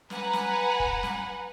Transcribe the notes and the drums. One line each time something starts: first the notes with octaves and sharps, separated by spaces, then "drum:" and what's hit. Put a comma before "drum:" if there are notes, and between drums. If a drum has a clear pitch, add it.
B4 F#5 G#5 A#5, drum: snare
drum: snare
drum: kick
drum: snare